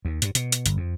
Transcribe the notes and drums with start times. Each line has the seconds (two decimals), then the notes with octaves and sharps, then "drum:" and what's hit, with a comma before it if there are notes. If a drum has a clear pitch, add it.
0.05 D#2
0.22 G2, drum: hi-hat
0.35 B2, drum: hi-hat
0.52 drum: hi-hat
0.66 G1, drum: hi-hat
0.77 F2